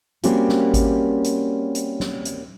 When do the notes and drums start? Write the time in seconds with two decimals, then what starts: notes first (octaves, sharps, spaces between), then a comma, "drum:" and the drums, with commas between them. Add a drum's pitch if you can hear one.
0.23 G3 A#3 C4 C#4 F#4 G4, drum: hi-hat
0.49 drum: snare
0.74 drum: kick G#1, hi-hat
1.24 drum: hi-hat
1.75 drum: hi-hat
2.00 drum: snare
2.25 drum: hi-hat